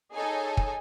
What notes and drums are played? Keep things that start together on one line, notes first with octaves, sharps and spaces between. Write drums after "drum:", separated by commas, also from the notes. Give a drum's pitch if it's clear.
D#4 G#4 A4 C#5 D#5 G#5
drum: kick